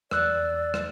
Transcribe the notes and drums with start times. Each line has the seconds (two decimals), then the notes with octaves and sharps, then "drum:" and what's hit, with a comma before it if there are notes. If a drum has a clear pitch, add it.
0.11 E2 D5 E6 F#6, drum: rim click
0.74 drum: rim click